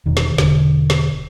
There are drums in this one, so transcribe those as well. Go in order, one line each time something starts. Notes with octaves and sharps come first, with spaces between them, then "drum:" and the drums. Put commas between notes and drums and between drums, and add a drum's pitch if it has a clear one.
E1 D#3
drum: snare
E1 D3, drum: snare
drum: snare